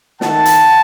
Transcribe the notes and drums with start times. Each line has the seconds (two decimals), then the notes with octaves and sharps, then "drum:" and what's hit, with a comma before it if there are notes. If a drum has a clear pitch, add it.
0.21 D#3 A3 D#4 F#5 A5, drum: snare
0.45 drum: hi-hat